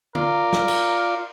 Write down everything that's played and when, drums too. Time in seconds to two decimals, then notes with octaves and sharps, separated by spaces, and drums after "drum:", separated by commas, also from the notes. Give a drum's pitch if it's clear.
0.15 F4 A#4 D5, drum: tom
0.53 drum: snare
0.68 drum: cymbal